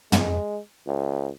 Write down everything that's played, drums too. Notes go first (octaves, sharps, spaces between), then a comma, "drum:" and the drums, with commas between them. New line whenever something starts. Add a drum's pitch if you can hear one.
G#3, drum: tom
C#2